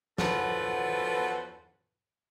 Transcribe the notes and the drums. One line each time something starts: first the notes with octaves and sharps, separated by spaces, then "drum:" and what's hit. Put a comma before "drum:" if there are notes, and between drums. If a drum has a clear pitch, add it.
E2 F3 B3 C#4 F#4 A4, drum: snare